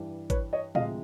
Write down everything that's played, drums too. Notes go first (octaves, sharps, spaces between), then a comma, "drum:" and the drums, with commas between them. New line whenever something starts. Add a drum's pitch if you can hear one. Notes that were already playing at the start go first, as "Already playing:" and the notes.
Already playing: G2 E3 G3
B4 C#5, drum: kick, hi-hat
C#5 D#5
D2 C3 F3 G#3 D#5 F5, drum: tom A2